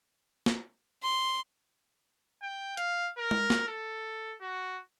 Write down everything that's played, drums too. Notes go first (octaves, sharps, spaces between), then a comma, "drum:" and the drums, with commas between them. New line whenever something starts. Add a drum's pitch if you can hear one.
drum: snare
C6
G5
F5, drum: hi-hat
A#4
drum: tom G#3
drum: snare
A4
F#4